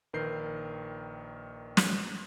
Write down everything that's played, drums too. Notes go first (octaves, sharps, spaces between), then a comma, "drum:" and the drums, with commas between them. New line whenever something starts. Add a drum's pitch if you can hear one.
A#1 D#3 A#4 B4 G6 C7
drum: snare